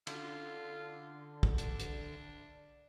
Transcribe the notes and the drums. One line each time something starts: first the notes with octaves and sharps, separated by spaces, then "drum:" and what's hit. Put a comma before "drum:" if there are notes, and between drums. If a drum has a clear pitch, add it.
D3 F4, drum: cymbal
drum: kick
D4, drum: hi-hat
drum: hi-hat